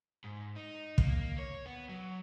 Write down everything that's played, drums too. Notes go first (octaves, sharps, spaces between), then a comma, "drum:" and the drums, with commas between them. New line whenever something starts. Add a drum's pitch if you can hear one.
G#2
D#4
A#3, drum: kick
C#5
B3
F#3